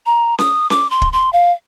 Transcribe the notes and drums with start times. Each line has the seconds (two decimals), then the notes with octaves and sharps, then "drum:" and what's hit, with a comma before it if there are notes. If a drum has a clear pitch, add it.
0.06 A#5
0.39 D#6, drum: snare C#4
0.70 D6, drum: snare C#4
0.90 C6
1.02 drum: kick
1.13 C6
1.33 F5